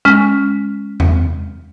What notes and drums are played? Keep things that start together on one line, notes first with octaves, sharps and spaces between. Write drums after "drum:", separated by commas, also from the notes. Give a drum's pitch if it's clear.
G#3 C#4 F6 B6
drum: tom E2